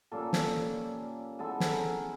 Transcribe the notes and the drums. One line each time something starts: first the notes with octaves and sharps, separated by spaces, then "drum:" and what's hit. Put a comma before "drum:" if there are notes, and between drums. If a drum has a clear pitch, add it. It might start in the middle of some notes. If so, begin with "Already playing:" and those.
A#2 G3 A#3 C#4 A4
drum: snare
E3 G#3 B3 A4
drum: snare
A#4